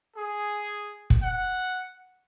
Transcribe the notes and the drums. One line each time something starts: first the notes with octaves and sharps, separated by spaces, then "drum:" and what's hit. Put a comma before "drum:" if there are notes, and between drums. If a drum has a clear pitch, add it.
G#4
drum: kick
F#5